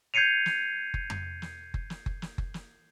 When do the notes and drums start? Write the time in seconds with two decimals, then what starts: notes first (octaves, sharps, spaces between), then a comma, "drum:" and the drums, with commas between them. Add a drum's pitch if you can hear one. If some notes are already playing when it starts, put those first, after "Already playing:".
0.14 G6 G#6 C7 C#7 D#7 F7
0.46 drum: snare
0.94 drum: kick F#1
1.10 drum: tom F2
1.42 drum: snare
1.74 drum: kick F#1
1.90 drum: snare
2.06 drum: kick F#1
2.22 drum: snare
2.38 drum: kick F#1
2.54 drum: snare